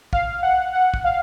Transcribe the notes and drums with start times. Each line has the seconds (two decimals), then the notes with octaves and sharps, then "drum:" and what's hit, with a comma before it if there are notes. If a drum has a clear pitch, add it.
0.13 F5, drum: kick
0.43 F#5
0.73 F#5
0.94 drum: kick
1.04 F5